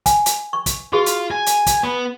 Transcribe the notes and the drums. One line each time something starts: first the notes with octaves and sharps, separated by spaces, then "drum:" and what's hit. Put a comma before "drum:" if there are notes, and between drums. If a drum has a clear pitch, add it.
G#5, drum: kick, hi-hat
drum: hi-hat
C#6
drum: kick, hi-hat
F4 F#4 G#4
drum: hi-hat
G#5
drum: hi-hat
drum: kick, hi-hat
B3